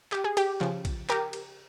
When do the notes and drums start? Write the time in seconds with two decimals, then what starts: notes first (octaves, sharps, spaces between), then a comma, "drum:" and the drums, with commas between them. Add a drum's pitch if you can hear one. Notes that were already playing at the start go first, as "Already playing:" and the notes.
0.12 G4, drum: clap
0.24 G#4
0.37 G4, drum: cymbal
0.61 C#3 F3, drum: clap
0.85 drum: kick, cymbal
1.09 G4 A#4, drum: clap
1.33 drum: cymbal